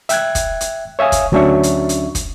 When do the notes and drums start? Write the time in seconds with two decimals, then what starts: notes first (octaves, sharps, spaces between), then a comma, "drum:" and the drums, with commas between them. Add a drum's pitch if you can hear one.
0.09 E5 G5 F#6 G#6, drum: hi-hat
0.35 drum: kick, hi-hat
0.61 drum: hi-hat
0.99 C#5 E5 F5 G#5 D#6
1.12 drum: kick, hi-hat
1.32 D2 F#3 C#4 D4 E5 C#6
1.63 drum: hi-hat
1.89 drum: hi-hat
2.15 drum: kick, hi-hat